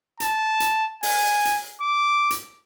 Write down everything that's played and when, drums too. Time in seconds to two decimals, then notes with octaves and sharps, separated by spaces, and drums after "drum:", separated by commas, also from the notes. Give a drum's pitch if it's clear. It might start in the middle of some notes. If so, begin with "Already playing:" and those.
0.20 A5, drum: hi-hat
0.60 drum: hi-hat
1.03 G#5, drum: open hi-hat
1.45 drum: hi-hat
1.81 D6
2.30 drum: hi-hat